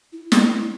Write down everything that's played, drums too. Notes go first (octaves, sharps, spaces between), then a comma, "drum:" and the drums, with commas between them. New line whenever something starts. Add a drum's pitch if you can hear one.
E4
drum: snare